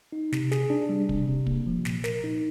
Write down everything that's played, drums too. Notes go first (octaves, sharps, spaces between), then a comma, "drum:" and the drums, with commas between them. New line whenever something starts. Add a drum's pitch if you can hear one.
D#4
C3, drum: snare
G#4, drum: snare
D4
G3
C3, drum: kick
C3
A#3, drum: kick
F3
A#2, drum: snare
A#4, drum: snare
D#4